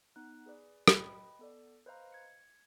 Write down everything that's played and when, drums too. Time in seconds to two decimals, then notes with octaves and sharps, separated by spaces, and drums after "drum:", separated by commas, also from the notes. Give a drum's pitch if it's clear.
0.16 B3 D#4 F#6
0.46 G#4 B4 D5
0.88 B4 D#5 G5 B5, drum: rim click
1.39 B3 A4 D5
1.86 B4 C5 D#5 F5 A#5
2.12 G#6 C#7